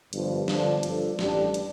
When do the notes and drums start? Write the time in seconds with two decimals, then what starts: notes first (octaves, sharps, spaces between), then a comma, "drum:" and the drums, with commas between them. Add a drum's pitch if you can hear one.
0.13 G1 G2 F3, drum: hi-hat
0.48 G1 G2 D3 F3 D4, drum: snare
0.83 G2 F3 D4 A4, drum: hi-hat
1.19 A1 G2 G3 D4 G4, drum: snare
1.54 drum: hi-hat